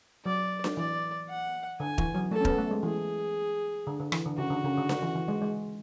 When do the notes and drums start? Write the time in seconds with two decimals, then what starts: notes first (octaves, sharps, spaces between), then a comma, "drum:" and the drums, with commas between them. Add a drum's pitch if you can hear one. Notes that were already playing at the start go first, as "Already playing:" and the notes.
0.25 F#3 D5
0.64 drum: snare D4
0.77 E3 D5
1.29 F#5
1.80 D3 G#5
1.98 E3, drum: kick
2.15 F#3
2.31 A3 A4
2.41 C#4
2.45 B3, drum: kick
2.58 A3
2.71 G#3
2.83 E3 G#4
3.87 D3
4.00 D3
4.12 E3, drum: rim click
4.25 D3
4.38 C#3 F#4
4.50 D3
4.64 C#3
4.77 D3
4.89 D3, drum: snare D4
5.03 E3
5.15 E3
5.28 G#3
5.41 G#3